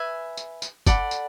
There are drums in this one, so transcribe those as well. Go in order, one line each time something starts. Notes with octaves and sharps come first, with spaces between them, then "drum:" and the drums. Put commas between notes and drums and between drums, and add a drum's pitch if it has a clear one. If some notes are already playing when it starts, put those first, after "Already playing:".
Already playing: B4 E5 G#5
drum: tambourine
drum: tambourine
A4 D5 F#5 B5, drum: kick, tambourine
drum: tambourine